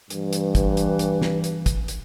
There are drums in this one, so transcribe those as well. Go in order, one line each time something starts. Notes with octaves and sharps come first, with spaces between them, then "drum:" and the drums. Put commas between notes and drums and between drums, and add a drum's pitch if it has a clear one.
G2 E3, drum: hi-hat
drum: hi-hat
drum: kick, hi-hat
drum: hi-hat
drum: hi-hat
drum: snare
drum: hi-hat
drum: kick, hi-hat
drum: hi-hat